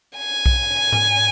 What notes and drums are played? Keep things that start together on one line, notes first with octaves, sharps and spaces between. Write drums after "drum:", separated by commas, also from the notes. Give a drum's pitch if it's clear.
G#5
drum: kick B1
drum: tom G#2